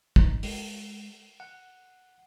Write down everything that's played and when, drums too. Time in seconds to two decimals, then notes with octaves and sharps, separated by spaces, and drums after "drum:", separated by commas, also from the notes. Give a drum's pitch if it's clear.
0.16 D#4, drum: kick
0.43 G#3, drum: open hi-hat
1.40 F#5